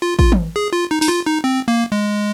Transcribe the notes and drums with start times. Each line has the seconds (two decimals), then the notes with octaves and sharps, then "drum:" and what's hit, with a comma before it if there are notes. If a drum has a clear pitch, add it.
0.02 F4
0.19 F4, drum: kick A1
0.32 drum: tom
0.56 G#4
0.73 F4
0.91 D#4
1.02 D#4, drum: open hi-hat
1.08 F4
1.26 D#4
1.44 C4
1.68 A#3
1.92 G#3